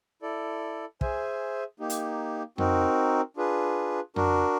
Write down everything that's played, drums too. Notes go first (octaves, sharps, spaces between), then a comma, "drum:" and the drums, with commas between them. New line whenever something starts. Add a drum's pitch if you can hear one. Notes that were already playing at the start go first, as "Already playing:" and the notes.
E4 A4 D5
G#4 C5 E5 G#5, drum: kick
A#3 D#4 G4
drum: hi-hat
C4 D#4 F#4 A#4, drum: tom F2
D4 F4 G#4 B4
D4 F#4 A#4, drum: tom F2